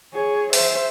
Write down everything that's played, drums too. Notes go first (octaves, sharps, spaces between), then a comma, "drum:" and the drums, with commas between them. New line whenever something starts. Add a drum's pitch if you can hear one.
G#4 C#5
C5 E5, drum: open hi-hat